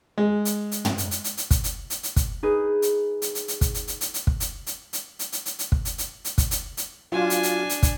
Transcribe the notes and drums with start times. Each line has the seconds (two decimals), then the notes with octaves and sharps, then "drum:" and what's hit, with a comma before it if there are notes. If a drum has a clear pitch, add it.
0.18 G#3
0.45 drum: hi-hat
0.72 drum: hi-hat
0.85 drum: tom
0.98 drum: hi-hat
1.11 drum: hi-hat
1.24 drum: hi-hat
1.37 drum: hi-hat
1.51 drum: kick, hi-hat
1.64 drum: hi-hat
1.90 drum: hi-hat
2.03 drum: hi-hat
2.16 drum: kick, hi-hat
2.43 D#4 G#4 B4
2.82 drum: hi-hat
3.22 drum: hi-hat
3.35 drum: hi-hat
3.48 drum: hi-hat
3.61 drum: kick, hi-hat
3.74 drum: hi-hat
3.88 drum: hi-hat
4.01 drum: hi-hat
4.14 drum: hi-hat
4.27 drum: kick
4.40 drum: hi-hat
4.67 drum: hi-hat
4.93 drum: hi-hat
5.19 drum: hi-hat
5.32 drum: hi-hat
5.46 drum: hi-hat
5.59 drum: hi-hat
5.72 drum: kick
5.85 drum: hi-hat
5.98 drum: hi-hat
6.25 drum: hi-hat
6.38 drum: kick, hi-hat
6.51 drum: hi-hat
6.77 drum: hi-hat
7.12 F#3 D4 F4 G#5
7.30 drum: hi-hat
7.43 drum: hi-hat
7.69 drum: hi-hat
7.83 drum: kick, hi-hat